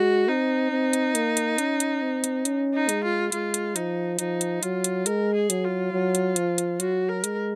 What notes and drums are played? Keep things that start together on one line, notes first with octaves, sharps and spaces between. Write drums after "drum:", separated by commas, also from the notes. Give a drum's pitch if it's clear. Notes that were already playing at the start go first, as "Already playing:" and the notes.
Already playing: G#3 F#4
C4 D#4
C4
drum: hi-hat
A#3, drum: hi-hat
drum: hi-hat
C#4, drum: hi-hat
drum: hi-hat
C4
drum: hi-hat
C#4, drum: hi-hat
D#4
G#3, drum: hi-hat
F4
G#3 F4, drum: hi-hat
drum: hi-hat
F3 D#4, drum: hi-hat
F3 D#4, drum: hi-hat
drum: hi-hat
F#3 F4, drum: hi-hat
drum: hi-hat
G#3 A#4, drum: hi-hat
G#4
F#3, drum: hi-hat
F4
F#3
drum: hi-hat
F3, drum: hi-hat
drum: hi-hat
F#3 F#4, drum: hi-hat
A#4
G#3, drum: hi-hat